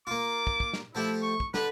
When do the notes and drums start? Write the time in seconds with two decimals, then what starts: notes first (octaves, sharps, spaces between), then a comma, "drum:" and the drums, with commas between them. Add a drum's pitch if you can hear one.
0.07 A#3 F4 D6
0.47 drum: kick
0.60 drum: kick
0.73 drum: snare
0.95 F3 A3 E4 G4
1.22 C#6
1.40 drum: kick
1.54 D3 D4 B4, drum: snare